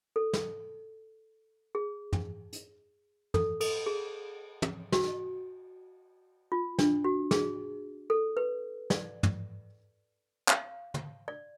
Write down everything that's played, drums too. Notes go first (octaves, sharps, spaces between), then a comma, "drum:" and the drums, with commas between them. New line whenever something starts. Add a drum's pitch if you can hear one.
A4
drum: snare
G#4
drum: tom
drum: hi-hat
A4, drum: tom
A4, drum: cymbal
G#4
drum: tom
F#4, drum: snare
F4
D4, drum: snare
F#4
G#4, drum: snare
A4
B4
D5, drum: snare
drum: tom
F5, drum: clap
drum: tom
D5